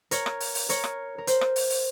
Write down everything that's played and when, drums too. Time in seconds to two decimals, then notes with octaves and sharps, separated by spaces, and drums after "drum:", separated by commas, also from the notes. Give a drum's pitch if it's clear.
0.11 A#4 C#5, drum: hi-hat
0.26 drum: rim click
0.40 drum: open hi-hat
0.55 drum: open hi-hat
0.69 A#4 C#5, drum: hi-hat
0.84 drum: rim click
1.18 A#4
1.27 C5, drum: hi-hat
1.41 drum: rim click
1.56 drum: open hi-hat
1.70 drum: open hi-hat